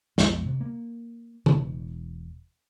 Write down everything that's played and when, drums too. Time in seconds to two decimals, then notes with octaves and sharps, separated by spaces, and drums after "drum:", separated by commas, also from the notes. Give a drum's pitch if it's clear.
0.18 B1 F2 B2 G#3, drum: snare
0.46 C3
0.60 A#3
1.46 E1 B2, drum: tom C#3